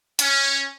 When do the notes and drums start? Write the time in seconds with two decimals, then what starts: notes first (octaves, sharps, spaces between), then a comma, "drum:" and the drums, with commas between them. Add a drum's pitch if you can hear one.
0.19 C#4, drum: hi-hat